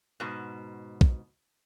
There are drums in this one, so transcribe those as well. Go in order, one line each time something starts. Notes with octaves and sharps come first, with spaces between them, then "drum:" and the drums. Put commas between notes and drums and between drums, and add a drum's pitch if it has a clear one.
G#2 B2
drum: kick